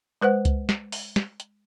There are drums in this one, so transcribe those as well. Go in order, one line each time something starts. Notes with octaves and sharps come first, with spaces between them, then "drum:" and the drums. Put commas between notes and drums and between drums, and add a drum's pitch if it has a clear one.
G#3 B4 C5 F#5
drum: kick C#2, hi-hat
drum: snare
drum: open hi-hat
drum: snare
drum: hi-hat